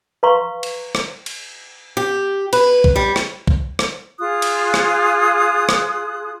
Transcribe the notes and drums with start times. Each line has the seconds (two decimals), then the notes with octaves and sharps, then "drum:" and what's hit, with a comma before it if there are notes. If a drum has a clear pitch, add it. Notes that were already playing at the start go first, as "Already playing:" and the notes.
0.23 B4 F5 A#5 C6 C#6
0.63 drum: cymbal
0.95 drum: rim click
1.26 drum: cymbal
1.97 G4
2.53 B4, drum: cymbal
2.84 drum: kick B1
2.96 G3
3.16 drum: rim click
3.47 drum: kick B1
3.79 drum: rim click
4.19 F4 G#4 D#6 F#6
4.42 drum: cymbal
4.74 drum: rim click
5.69 drum: rim click